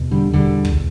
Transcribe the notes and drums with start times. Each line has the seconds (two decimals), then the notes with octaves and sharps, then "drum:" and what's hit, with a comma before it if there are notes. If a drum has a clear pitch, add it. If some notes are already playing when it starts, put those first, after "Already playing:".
Already playing: E2 B2
0.11 D3 G3
0.33 E2 B2 D3 G3
0.65 drum: kick